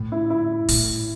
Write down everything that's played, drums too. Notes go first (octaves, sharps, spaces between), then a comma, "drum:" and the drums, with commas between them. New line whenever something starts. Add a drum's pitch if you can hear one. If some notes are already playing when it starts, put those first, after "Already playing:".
Already playing: A2
E4
E4
A2, drum: open hi-hat